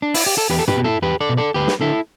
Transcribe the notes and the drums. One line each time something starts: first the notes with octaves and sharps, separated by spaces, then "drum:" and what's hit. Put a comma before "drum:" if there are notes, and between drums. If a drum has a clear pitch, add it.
D4
E4, drum: open hi-hat
G4
A4
E2 G4 B4
A4
G4 B4, drum: tom
B2
E4 A4
E2 G4 B4
A4 D5
B2
A4 D5
D2 G4 B4
drum: snare
D3 E4 A4